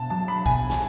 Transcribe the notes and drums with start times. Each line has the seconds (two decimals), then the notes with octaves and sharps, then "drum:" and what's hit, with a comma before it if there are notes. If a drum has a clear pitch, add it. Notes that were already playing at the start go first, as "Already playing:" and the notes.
Already playing: B2 A5
0.10 F#3 A5
0.28 B5
0.46 B2 G#5, drum: kick, tambourine
0.70 drum: snare